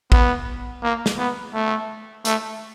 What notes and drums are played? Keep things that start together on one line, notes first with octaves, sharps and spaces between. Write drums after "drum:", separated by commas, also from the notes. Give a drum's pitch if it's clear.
B3, drum: kick
A#3
drum: snare
B3
A3
A3, drum: hi-hat